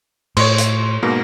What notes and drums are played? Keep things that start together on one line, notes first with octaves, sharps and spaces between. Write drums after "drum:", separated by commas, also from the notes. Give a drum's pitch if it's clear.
A2 C#5 C6, drum: cymbal
drum: hi-hat
G#2 B2 A#3